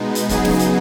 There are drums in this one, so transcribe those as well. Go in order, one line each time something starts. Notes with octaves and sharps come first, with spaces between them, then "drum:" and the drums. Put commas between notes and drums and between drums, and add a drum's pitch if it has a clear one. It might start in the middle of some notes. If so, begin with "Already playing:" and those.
Already playing: B2 G#3 B3 D#4
drum: hi-hat
C#3 F#3 B3 D#4 G#4, drum: kick C#1, hi-hat
drum: snare
drum: hi-hat